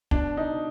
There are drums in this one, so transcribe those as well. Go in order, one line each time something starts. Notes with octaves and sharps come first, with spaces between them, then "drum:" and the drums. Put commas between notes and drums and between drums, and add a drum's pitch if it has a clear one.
B2 D4, drum: kick
D#4